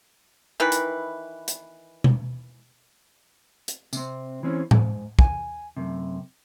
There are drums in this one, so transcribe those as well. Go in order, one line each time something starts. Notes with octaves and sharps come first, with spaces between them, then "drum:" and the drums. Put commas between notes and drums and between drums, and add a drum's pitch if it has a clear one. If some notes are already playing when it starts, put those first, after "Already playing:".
D#3 E3 B4
drum: hi-hat
drum: hi-hat
drum: tom B2
drum: hi-hat
C3 C4, drum: tambourine
E3 C4 C#4
G#2, drum: tom A2
G#5, drum: kick
F#2 C3